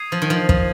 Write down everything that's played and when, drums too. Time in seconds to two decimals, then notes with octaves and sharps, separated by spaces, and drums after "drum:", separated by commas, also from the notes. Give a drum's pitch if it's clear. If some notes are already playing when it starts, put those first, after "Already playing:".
Already playing: D#6 G#6 C7 D#7
0.12 F3
0.22 D#3
0.30 F3
0.49 F3, drum: kick